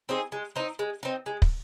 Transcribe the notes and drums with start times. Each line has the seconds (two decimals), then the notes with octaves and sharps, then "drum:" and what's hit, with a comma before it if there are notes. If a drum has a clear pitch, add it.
0.09 C4 D#4 G#4
0.32 G#3
0.56 C4 D#4
0.79 G#3
1.03 C4 D#4
1.26 G#3
1.42 drum: kick